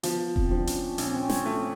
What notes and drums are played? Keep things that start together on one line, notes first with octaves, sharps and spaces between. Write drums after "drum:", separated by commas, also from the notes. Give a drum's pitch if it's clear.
F3 B3, drum: hi-hat
C4, drum: kick E1
F3 D4
C#4, drum: hi-hat
A#1 C#4, drum: hi-hat
C4
C#4
drum: snare
A3